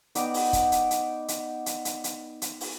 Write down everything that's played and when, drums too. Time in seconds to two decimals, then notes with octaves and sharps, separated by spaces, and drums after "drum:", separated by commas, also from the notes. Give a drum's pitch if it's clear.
0.15 B3 D#4 D5 G5, drum: hi-hat
0.34 drum: open hi-hat
0.53 drum: kick, hi-hat
0.72 drum: hi-hat
0.91 drum: hi-hat
1.28 drum: hi-hat
1.66 drum: hi-hat
1.85 drum: hi-hat
2.04 drum: hi-hat
2.42 drum: hi-hat
2.61 drum: open hi-hat